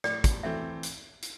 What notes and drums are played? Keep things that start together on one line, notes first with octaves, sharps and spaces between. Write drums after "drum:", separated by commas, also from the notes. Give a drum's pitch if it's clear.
A2 D5, drum: rim click
drum: kick, hi-hat
E3 A3 C4 E5
drum: hi-hat
drum: hi-hat